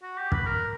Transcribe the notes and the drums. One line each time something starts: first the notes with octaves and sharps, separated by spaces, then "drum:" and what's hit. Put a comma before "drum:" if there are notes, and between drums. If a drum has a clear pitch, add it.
F#4
G4
B4, drum: kick
A#4